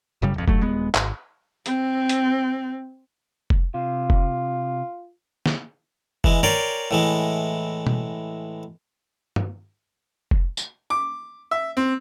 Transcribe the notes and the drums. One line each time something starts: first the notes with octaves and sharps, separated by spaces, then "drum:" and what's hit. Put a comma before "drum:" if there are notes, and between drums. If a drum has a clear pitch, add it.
F#1 F#2 C#3 G3
D1 F2
G2 F#3 A3, drum: kick F1
D#1 G#3 B3
G#1, drum: clap
C4, drum: hi-hat
drum: hi-hat
drum: kick F1
C3 F4
drum: kick F1
drum: snare
E3 G#3, drum: kick F1
A#4 C#5 D5 G5 G#5 C6, drum: tom
A2 E3 G#3
drum: tom
drum: tom
drum: kick F1
drum: tambourine
D6
E5
C4